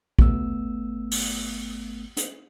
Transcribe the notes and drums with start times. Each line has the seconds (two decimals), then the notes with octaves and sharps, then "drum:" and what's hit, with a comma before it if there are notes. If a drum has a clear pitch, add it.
0.19 G#1 A3 B3 E6, drum: kick
1.11 drum: open hi-hat
2.17 drum: hi-hat